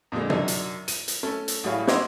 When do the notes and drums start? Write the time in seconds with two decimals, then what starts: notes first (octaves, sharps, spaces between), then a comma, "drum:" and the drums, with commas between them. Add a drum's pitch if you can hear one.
0.12 F2 A#2 D3 G#3
0.30 F#2 F#3 D4 D#4, drum: tom
0.48 drum: hi-hat
0.88 D#7, drum: hi-hat
1.08 drum: hi-hat
1.23 A3 C#4 A4
1.48 drum: hi-hat
1.64 A1 A2 G3 G#4 C#5 F5
1.87 D#5 F#5 C6 D6 E6 G#6, drum: snare